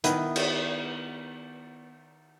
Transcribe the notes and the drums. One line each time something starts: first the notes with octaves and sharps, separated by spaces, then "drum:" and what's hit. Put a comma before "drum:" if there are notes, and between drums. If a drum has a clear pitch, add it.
D#3 B3 E4, drum: hi-hat
drum: cymbal